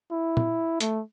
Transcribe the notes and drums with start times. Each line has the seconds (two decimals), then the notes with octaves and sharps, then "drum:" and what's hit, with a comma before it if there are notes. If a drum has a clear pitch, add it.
0.11 E4
0.37 drum: tom
0.80 A3, drum: hi-hat